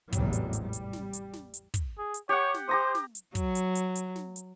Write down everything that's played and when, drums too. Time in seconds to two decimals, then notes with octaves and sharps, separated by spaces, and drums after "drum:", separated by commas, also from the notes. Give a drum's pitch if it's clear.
0.12 A1 E2 G#2 C3 F#3 G3, drum: kick, hi-hat
0.33 drum: hi-hat
0.53 drum: hi-hat
0.63 G3
0.73 drum: hi-hat
0.93 drum: snare
1.13 drum: hi-hat
1.33 drum: snare
1.54 drum: hi-hat
1.74 drum: kick, hi-hat
1.99 G#4
2.14 drum: hi-hat
2.29 G4 C#5 F#5
2.54 drum: snare
2.69 G4 C5 A#5 D#6
2.95 drum: snare
3.15 drum: hi-hat
3.35 F#3, drum: kick, hi-hat
3.55 drum: hi-hat
3.75 drum: hi-hat
3.95 drum: hi-hat
4.16 drum: snare
4.36 drum: hi-hat